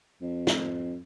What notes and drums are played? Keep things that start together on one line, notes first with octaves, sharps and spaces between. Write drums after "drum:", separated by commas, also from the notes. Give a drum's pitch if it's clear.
F2
drum: snare